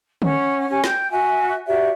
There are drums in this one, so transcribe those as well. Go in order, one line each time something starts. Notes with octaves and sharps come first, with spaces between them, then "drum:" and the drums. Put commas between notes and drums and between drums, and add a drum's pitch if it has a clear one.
C#4 F#5, drum: tom D3
C#4 G4 G#5
G5 G6, drum: snare
F#4 E5 G#5
F#4 G4 D5 E5